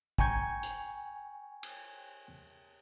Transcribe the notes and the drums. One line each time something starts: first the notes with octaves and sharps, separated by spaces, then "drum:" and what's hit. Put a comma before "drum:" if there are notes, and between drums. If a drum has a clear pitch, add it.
G5 G#5 A#5 C#6 G6 G#6, drum: kick
drum: hi-hat
drum: cymbal